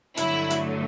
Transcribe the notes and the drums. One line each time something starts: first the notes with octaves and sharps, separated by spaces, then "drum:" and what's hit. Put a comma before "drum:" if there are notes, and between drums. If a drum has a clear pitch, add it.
G2 D3 F#3 A3 E4, drum: hi-hat
drum: hi-hat